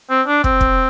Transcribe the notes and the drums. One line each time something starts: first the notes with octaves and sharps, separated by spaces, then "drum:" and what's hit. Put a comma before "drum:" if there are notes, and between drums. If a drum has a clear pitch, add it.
C4
D4
C4, drum: kick
drum: kick